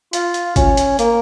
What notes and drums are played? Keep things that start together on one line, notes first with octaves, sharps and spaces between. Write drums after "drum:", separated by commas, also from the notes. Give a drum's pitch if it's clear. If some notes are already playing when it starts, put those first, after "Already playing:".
F4, drum: hi-hat
drum: hi-hat
C#4, drum: kick G#1, hi-hat
drum: hi-hat
A#3, drum: hi-hat